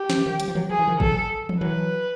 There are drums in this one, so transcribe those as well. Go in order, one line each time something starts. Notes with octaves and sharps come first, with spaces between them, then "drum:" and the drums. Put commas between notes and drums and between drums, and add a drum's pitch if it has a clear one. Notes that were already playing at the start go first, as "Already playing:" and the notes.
Already playing: G4
F3, drum: snare
E3
D#3 F3
F#3, drum: hi-hat
F3
E3 F#3
F3 G#4
E3
D#3 F3
E3 F#3 A4, drum: kick G#1
drum: tom E3
E3 F#3 B4